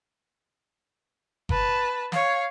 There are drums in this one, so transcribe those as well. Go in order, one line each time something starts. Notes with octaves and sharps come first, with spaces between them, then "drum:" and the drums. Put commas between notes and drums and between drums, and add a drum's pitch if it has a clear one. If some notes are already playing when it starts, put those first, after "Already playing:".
B4 A5, drum: kick G1
C#5 F5, drum: snare